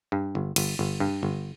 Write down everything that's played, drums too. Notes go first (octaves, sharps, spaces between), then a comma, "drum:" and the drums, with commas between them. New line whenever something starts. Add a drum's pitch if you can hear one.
G2
G1
G1, drum: cymbal
G1
G2
G1